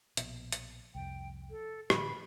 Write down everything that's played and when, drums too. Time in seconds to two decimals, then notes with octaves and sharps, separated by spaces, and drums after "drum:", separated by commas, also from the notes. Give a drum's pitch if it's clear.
0.17 A#1 B2, drum: hi-hat
0.52 drum: hi-hat
0.95 C2 F2 G5
1.50 A4
1.90 A2 D3 E3 B5, drum: rim click